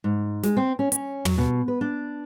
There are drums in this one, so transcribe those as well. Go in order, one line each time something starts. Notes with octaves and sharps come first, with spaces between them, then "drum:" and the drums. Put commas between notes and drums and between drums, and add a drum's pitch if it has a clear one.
G#2
G#3, drum: snare
C4
C#4
C#4, drum: hi-hat
F#3, drum: tom
B2
B4
D4